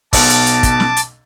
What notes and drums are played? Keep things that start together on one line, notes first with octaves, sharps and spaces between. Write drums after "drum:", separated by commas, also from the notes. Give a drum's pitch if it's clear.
B1 B2 A5 D6, drum: kick, open hi-hat
drum: hi-hat
drum: hi-hat
drum: kick, hi-hat
drum: snare
drum: hi-hat